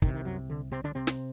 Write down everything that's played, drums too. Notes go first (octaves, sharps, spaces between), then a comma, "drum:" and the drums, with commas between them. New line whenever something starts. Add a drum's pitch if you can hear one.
C2 C3 D#3, drum: kick
D#3
F#2 F#3
D3
C3 C4
D3 D4
C3 C4
drum: snare